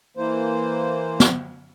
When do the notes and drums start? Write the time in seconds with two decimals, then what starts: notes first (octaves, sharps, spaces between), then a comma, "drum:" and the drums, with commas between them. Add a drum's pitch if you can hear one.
0.17 E3 A#3 C5
1.20 drum: snare